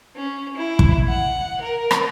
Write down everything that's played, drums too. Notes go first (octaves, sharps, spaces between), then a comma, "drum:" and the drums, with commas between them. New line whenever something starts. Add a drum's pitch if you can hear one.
C#4
E4
drum: kick
F#5
A#4
drum: rim click